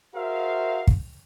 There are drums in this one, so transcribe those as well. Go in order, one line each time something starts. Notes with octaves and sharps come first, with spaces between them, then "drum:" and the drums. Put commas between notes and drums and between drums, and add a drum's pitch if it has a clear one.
F#4 G#4 A#4 C5 E5 F5
drum: kick